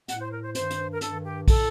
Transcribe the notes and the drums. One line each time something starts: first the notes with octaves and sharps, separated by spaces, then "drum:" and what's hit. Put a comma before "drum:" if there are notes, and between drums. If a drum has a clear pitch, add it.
A2 F#5, drum: hi-hat
C5
A#4
C5
G2 D#3 C5, drum: hi-hat
drum: hi-hat
A#4
G2 D#3 A4, drum: hi-hat
G4
A2 A4, drum: kick, open hi-hat